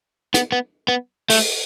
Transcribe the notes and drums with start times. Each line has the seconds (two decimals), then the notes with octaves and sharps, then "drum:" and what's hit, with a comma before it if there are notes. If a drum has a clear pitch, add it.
0.34 B3, drum: hi-hat
0.52 B3
0.88 B3
1.30 A3, drum: open hi-hat